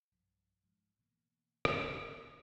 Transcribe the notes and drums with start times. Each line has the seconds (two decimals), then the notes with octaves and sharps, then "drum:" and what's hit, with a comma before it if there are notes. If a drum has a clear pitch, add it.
0.12 B1 G2 F3
0.63 G#2 F3
0.99 B2 E3 A#3
1.65 C2, drum: rim click
1.88 C#2